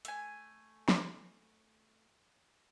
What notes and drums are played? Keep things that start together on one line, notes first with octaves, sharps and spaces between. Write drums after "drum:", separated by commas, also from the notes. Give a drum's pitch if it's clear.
A3 G#5, drum: hi-hat
drum: snare